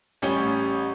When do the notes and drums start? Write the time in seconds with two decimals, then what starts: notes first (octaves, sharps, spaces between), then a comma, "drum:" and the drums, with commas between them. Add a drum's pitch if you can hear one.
0.22 A1 G3 C#4 G7, drum: hi-hat